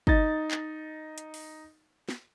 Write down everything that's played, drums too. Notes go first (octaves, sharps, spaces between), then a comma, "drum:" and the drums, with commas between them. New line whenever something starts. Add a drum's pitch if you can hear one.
D#4 A6, drum: kick
drum: clap
drum: hi-hat
drum: open hi-hat
drum: snare